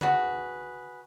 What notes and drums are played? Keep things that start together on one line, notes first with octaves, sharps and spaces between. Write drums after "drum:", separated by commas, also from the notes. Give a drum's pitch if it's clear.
F#4 G#4 B4, drum: tom C#3